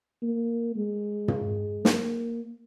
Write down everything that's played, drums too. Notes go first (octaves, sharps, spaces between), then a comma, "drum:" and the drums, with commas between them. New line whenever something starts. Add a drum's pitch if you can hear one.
A#3
G#3
drum: tom
A#3, drum: snare